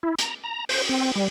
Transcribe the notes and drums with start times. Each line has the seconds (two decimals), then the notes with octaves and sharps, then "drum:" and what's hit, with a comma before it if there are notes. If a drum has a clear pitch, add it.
0.03 E4
0.19 A#5, drum: hi-hat
0.44 A#5
0.69 C5, drum: open hi-hat
0.89 C4
1.16 G3